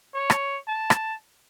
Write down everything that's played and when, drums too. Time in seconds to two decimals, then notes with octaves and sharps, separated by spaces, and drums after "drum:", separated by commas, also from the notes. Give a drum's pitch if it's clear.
0.15 C#5
0.30 drum: rim click
0.68 A5
0.90 drum: rim click